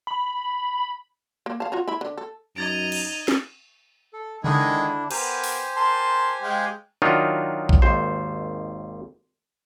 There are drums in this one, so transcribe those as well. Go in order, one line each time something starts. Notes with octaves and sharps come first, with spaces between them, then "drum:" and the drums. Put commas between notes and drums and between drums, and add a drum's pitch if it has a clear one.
B5
A#3
F5 A5
F4 F#4 A#5
E4 E5 B5
D3
A4
F#2 D#4 D#5 A#5 G#6 A6 D7
drum: cymbal
drum: snare
A4
D3 D#3 G#3 D4 E4 D#5, drum: tom C#3
B3 G4 A#4 C5 G#5, drum: cymbal
drum: open hi-hat
A#4 A5 C6
G#3 F5 G5
D#3 F#3 D4 D#4 F4
drum: kick A#1
G#1 D#2 C5